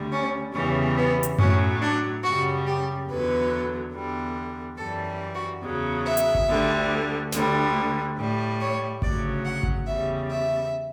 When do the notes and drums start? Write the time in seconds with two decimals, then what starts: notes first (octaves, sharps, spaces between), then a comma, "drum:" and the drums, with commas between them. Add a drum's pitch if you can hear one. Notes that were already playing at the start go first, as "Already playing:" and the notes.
Already playing: D2 D3 G3
0.12 C#4
0.54 E2 C#3 E3 G3 C#4
0.97 B3
1.23 drum: hi-hat
1.39 A2 F#3 C#4, drum: tom F#2
1.81 D4
2.23 F#2 C#3 G3 F#4
2.66 G4
3.08 E2 D3 F#3 B4
3.93 E2 D3 G3
4.78 F#2 E3 G3 A4
5.35 F#4
5.63 E2 C#3 F#3
6.05 E5
6.17 drum: hi-hat
6.35 drum: kick G#1
6.48 D2 D3 G3
7.32 D2 D3 G3, drum: snare
8.17 A2 G3
8.60 C#5
9.02 D2 C#3 F#3 D5, drum: kick G#1
9.45 F#5
9.63 drum: kick G#1
9.87 E2 C#3 G3 E5
10.30 E5